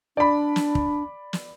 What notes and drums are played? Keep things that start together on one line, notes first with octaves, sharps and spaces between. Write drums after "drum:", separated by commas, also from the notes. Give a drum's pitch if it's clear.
D4 D5 B5
drum: snare
drum: kick
drum: snare